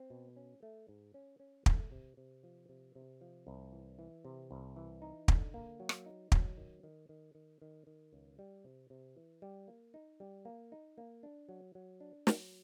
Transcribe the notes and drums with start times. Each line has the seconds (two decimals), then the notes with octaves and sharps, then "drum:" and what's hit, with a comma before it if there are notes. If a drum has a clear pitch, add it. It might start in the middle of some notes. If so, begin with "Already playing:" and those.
Already playing: C4
0.10 B2
0.36 C#4
0.63 A3
0.88 G#2
1.14 C#4
1.40 C#4
1.66 A3, drum: kick
1.92 C3
2.17 C3
2.43 F3
2.69 C3
2.95 C3
3.21 F3
3.47 C2
3.73 E3
3.99 E3
4.25 C3
4.51 C2
4.76 E3
5.02 D#4
5.28 D3, drum: kick
5.54 A#3
5.80 F#3
5.89 drum: rim click
6.06 D#4
6.32 F#3, drum: kick
6.57 D#3
6.83 D#3
7.09 D#3
7.35 D#3
7.62 D#3
7.87 D#3
8.13 C#2
8.39 G3
8.64 C3
8.90 C3
9.16 E3
9.42 G3
9.68 A#3
9.94 D#4
10.20 G3
10.45 A#3
10.72 D#4
10.98 A#3
11.23 D4
11.49 F#3
11.75 F#3
12.01 D4
12.27 F#3, drum: snare